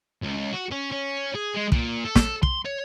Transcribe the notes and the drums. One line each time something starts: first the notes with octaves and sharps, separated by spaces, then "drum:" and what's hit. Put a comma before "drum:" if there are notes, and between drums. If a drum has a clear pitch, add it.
C#2
F#4
C#4
C#4
G#4
G#3
A#2, drum: kick
A4
drum: snare
C6, drum: kick
C#5